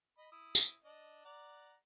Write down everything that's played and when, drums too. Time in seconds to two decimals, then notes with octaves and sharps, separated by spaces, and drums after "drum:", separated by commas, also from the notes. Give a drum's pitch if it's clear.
0.18 D#5 B5
0.32 E4 D#6
0.55 drum: tambourine
0.84 D4 D#5
1.25 D5 F#5 A#5